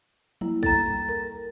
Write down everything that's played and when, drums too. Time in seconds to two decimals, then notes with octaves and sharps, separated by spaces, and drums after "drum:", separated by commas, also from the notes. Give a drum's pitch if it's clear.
0.41 G3 A#3 E4, drum: tom
0.63 A4 G5 A#5 A6, drum: kick
1.09 A#4